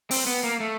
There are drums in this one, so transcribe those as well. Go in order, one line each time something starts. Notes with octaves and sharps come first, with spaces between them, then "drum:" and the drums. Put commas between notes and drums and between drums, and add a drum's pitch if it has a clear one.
C4, drum: open hi-hat
B3
A#3
A3